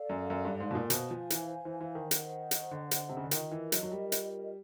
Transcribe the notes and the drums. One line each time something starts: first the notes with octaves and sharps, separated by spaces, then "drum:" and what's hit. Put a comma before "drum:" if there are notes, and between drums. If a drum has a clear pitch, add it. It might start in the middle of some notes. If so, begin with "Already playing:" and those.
Already playing: A4 D5 F5
F#2
F#2
G2
G#2
B2
A#2
B2 C5 F5 G#5, drum: hi-hat
F3
E3, drum: hi-hat
E3
E3
D#3
C5 D#5 F#5, drum: hi-hat
drum: hi-hat
D3
drum: hi-hat
C3
C#3
D3
D#3 F4 A#4 D#5, drum: hi-hat
E3
F#3, drum: hi-hat
F#3
G3
drum: hi-hat